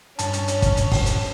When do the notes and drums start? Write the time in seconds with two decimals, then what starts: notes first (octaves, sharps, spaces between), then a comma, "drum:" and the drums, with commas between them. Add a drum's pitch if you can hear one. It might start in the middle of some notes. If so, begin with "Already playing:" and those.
0.19 G2 C#4 A5, drum: hi-hat
0.33 drum: hi-hat
0.48 drum: hi-hat
0.62 drum: kick, hi-hat
0.77 drum: hi-hat
0.91 drum: kick, open hi-hat
1.06 drum: hi-hat